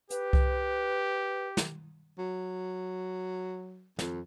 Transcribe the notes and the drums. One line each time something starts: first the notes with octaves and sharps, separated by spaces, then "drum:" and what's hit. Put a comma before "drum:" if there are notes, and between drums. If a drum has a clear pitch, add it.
G4 B4, drum: hi-hat
drum: kick C2
drum: snare
F#3
F2, drum: snare